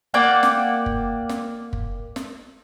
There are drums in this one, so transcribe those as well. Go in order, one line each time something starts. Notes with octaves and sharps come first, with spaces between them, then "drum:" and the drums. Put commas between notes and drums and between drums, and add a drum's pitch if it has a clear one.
A#3 D5 F#5 G5
drum: snare
drum: kick
drum: snare
drum: kick
drum: snare